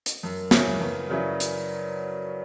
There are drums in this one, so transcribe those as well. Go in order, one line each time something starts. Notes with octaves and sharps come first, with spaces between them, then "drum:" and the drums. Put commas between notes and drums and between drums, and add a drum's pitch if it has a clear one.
drum: hi-hat
F#2 A#4
C#3 F#3 C#4 E4, drum: snare
F#2 B4
C#3 F#3 C#4 E4 D5
drum: hi-hat